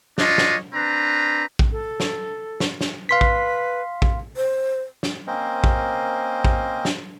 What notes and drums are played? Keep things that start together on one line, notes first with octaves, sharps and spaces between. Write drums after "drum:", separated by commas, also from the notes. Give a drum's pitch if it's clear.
D4 F4 C#5 D#5, drum: snare
drum: snare
C4 D4 B4 A#5
drum: kick A#1
A4
drum: snare
drum: snare
drum: snare
B4 F5 C6 B6
drum: kick A#1
drum: kick A#1
C5
drum: snare
A#3 C4 C#4 A#4 C5 D#5
drum: kick A#1
drum: kick A#1
drum: snare